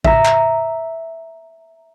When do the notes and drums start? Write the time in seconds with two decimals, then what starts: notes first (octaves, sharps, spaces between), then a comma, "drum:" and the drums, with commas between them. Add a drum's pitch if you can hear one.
0.05 E5 A#5, drum: kick A1
0.25 drum: clap